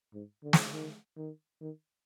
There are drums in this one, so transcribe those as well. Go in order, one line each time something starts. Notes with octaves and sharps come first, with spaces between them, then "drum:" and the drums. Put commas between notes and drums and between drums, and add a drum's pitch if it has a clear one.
G#2
D3
drum: snare
D#3
D#3
D#3